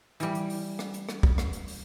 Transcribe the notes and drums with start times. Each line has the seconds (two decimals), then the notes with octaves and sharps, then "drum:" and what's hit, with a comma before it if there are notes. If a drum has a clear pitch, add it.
0.20 E3 G3, drum: hi-hat
0.35 drum: hi-hat
0.50 drum: open hi-hat
0.79 drum: rim click
0.94 drum: hi-hat
1.09 drum: rim click
1.23 drum: kick
1.38 drum: rim click
1.53 drum: hi-hat
1.68 drum: open hi-hat